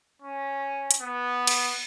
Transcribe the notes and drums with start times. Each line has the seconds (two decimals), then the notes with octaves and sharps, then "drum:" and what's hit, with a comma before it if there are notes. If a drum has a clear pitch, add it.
0.22 C#4
0.91 drum: hi-hat
1.00 B3
1.47 drum: cymbal